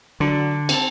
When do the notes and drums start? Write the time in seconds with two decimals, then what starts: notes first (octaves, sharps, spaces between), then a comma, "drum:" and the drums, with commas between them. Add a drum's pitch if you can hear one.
0.20 D3 F#3 D4
0.69 C4 A5, drum: cymbal